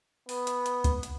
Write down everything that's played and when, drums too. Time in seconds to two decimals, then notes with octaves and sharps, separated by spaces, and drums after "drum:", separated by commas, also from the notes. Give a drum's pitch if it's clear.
0.29 B3, drum: open hi-hat
0.47 drum: hi-hat
0.66 drum: hi-hat
0.84 drum: kick C#2, hi-hat
1.03 drum: hi-hat